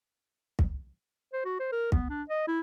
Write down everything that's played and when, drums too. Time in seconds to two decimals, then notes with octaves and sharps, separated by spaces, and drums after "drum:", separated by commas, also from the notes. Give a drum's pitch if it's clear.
0.59 drum: kick
1.33 C5
1.45 F#4
1.59 C5
1.72 A#4
1.92 B3, drum: kick
2.10 D4
2.30 D#5
2.48 E4